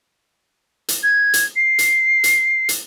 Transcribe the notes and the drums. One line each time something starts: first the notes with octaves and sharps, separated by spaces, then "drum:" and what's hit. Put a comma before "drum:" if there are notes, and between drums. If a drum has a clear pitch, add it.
drum: hi-hat
G#6
drum: hi-hat
C7
drum: hi-hat
drum: hi-hat
drum: hi-hat